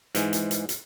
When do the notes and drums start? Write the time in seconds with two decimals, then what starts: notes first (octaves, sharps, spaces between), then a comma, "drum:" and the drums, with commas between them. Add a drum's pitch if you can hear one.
0.15 G#2 E3 G#3, drum: hi-hat
0.33 drum: hi-hat
0.51 drum: hi-hat
0.69 drum: hi-hat